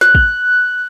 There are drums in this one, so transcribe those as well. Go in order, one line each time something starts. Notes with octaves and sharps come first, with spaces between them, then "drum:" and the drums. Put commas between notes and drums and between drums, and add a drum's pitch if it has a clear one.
F#6, drum: snare
drum: kick